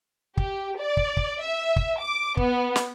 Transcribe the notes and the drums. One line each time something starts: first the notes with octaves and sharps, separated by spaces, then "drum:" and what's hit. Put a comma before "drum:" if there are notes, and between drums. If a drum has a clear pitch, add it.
G4, drum: kick
D5
drum: kick
drum: kick
E5
drum: kick
D6
B3, drum: kick
drum: snare